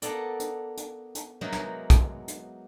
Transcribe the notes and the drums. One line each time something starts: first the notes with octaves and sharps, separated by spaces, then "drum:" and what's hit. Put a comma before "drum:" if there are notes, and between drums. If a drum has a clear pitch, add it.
A#3 B3 A4 D5, drum: hi-hat
drum: hi-hat
drum: hi-hat
drum: hi-hat
F#3 G#3 A#3 B3 D#4 E4
drum: snare
drum: kick, hi-hat
drum: hi-hat